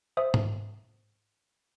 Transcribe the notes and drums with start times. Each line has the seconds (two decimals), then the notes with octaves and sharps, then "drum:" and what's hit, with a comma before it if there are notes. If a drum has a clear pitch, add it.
0.17 C5 E5 D#6
0.34 drum: tom